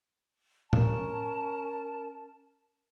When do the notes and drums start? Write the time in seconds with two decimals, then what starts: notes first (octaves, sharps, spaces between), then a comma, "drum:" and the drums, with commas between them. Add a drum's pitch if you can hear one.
0.73 C#4 A#4 A5, drum: tom A2